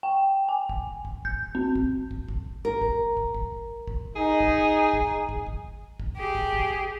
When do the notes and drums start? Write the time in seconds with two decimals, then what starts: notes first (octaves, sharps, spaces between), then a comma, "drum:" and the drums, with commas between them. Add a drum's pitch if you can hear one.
0.03 G5
0.49 G#5
0.69 drum: kick
1.05 drum: kick
1.25 G6, drum: kick
1.55 C4
1.75 drum: kick
2.11 drum: kick
2.28 drum: kick
2.65 A#4
2.81 drum: kick
3.17 drum: kick
3.34 drum: kick
3.88 drum: kick
4.16 D#4 G#4
4.41 drum: kick
4.94 drum: kick
5.29 drum: kick
5.47 drum: kick
6.00 drum: kick
6.17 G4 G#4
6.35 drum: kick
6.53 drum: kick